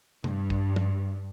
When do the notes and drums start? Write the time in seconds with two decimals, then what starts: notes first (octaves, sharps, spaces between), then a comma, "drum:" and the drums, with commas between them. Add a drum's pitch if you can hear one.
0.24 G2, drum: tom C3
0.50 drum: kick
0.76 drum: tom